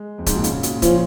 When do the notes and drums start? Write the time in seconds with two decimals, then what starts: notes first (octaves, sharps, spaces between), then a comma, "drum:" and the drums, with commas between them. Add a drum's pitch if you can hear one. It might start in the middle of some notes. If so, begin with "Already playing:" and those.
Already playing: G#3
0.18 F2
0.26 G#2, drum: kick, hi-hat
0.36 A#2
0.44 C#3, drum: hi-hat
0.63 A#2, drum: hi-hat
0.82 F3 C#4, drum: kick, hi-hat